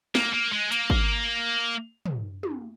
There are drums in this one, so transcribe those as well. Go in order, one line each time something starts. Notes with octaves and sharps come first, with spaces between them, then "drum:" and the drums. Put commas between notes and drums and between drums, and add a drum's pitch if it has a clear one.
A#3, drum: snare
A#3
G#3
A#3, drum: hi-hat
drum: kick
drum: tom
drum: tom